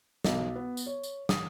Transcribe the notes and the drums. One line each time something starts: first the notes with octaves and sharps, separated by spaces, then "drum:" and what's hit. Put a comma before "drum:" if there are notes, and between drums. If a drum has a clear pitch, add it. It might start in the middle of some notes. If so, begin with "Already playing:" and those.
B1, drum: snare
B3
drum: tambourine
C#5
drum: tambourine
D#6, drum: snare